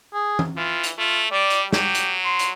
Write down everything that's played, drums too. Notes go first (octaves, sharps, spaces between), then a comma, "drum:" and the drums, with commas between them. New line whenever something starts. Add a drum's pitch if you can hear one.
G#4
drum: tom
E3 F4
drum: hi-hat
A3 F4
G3 D5
drum: hi-hat
F#3 G4, drum: snare
drum: hi-hat
C6
drum: hi-hat